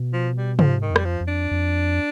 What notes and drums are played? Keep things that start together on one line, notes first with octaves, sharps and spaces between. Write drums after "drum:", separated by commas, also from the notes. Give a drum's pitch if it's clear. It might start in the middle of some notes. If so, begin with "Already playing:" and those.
Already playing: B2
F3
G3
G#2 F3, drum: tom C3
D#3
F2
G3, drum: rim click
F3
F2
D4
F2